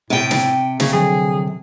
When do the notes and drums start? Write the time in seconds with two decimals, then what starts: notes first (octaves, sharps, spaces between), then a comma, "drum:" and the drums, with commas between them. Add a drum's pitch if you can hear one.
0.10 A2 C3 G5
0.31 drum: snare
0.80 C#3, drum: snare
0.93 D3 F3 F#3 G#4